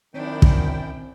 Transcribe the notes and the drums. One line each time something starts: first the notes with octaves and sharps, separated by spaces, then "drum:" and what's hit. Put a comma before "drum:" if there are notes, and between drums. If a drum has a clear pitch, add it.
F#2 D#3 C4 D4 E4 G5
drum: kick